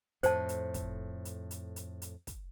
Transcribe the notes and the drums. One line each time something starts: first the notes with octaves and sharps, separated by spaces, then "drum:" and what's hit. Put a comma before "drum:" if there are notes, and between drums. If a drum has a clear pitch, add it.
F2 A2 C5 A5, drum: hi-hat
drum: hi-hat
drum: kick, hi-hat
drum: hi-hat
drum: hi-hat
drum: hi-hat
drum: hi-hat
drum: kick, hi-hat